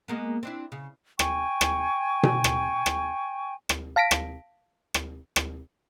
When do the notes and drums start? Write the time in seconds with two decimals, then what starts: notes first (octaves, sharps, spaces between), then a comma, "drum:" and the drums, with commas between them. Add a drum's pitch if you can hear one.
0.08 G#3 A#3 B3
0.43 C4 D4 E4
0.72 C#3
1.19 G5 G#5 C#6, drum: rim click
1.61 drum: rim click
2.23 drum: tom B2
2.44 drum: rim click
2.86 drum: rim click
3.69 drum: rim click
3.96 F5 A5 A#6 B6 D7
4.11 drum: rim click
4.94 drum: rim click
5.36 drum: rim click